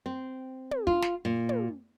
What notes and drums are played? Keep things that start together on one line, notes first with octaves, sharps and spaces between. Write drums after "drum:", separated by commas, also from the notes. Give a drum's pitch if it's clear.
C4
drum: tom
F4, drum: kick
drum: snare
A#2
drum: tom